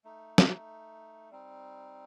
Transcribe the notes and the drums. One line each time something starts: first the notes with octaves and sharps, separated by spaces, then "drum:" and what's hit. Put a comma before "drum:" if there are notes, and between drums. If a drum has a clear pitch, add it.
A3 D#4
drum: snare
G3 C4 D#4